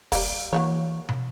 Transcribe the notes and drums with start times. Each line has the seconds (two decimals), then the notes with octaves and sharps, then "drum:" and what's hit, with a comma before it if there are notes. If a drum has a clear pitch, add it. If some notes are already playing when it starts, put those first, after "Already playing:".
0.12 G3 A#3, drum: kick, open hi-hat
0.53 E3 F#3 A#3 C#5
1.09 drum: tom